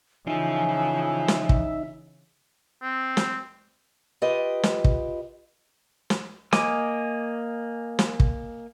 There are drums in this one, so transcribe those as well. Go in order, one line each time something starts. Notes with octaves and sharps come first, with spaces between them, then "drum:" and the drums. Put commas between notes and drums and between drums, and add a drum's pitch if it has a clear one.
C#3 E3 F3 D#4 F4 E5 G#5
drum: snare
drum: kick
C4
drum: snare
F4 G4 B4 D#5
drum: snare
drum: kick
drum: snare
A#3 D#5 G#5 D6, drum: snare
drum: snare
drum: kick